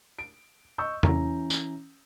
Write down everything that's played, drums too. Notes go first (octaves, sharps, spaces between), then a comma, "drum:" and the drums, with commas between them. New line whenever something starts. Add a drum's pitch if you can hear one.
D7
D#5 C#6 E6 G6
E3 C#4 A#5, drum: tom E2
drum: tambourine